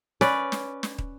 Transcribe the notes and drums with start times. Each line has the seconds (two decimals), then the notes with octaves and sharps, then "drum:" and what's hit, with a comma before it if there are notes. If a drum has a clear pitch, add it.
0.21 C#4 B4 D5, drum: snare
0.52 drum: snare
0.83 drum: snare
0.98 drum: kick